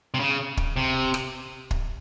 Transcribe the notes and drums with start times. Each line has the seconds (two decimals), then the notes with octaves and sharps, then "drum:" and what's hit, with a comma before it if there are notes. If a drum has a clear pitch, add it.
0.14 C3
0.20 C#3
0.57 drum: kick
0.76 C3
1.14 drum: rim click
1.71 drum: kick